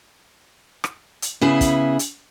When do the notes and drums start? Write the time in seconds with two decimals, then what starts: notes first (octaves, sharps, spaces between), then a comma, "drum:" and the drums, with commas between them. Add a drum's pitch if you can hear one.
0.84 drum: rim click
1.22 drum: hi-hat
1.41 C#3 B3 E4 G#4
1.61 drum: kick, hi-hat
1.99 drum: hi-hat